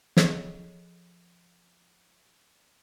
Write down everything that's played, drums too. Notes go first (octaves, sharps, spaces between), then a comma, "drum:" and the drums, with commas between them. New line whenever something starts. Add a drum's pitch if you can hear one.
F3 G#4 A4 C#5 D#5 F5, drum: snare